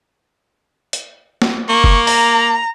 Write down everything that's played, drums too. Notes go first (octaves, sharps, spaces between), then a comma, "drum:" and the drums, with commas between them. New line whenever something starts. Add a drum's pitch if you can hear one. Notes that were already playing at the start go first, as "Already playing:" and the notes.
drum: hi-hat
drum: snare
A#3 C#6
drum: kick F#1
A#5, drum: open hi-hat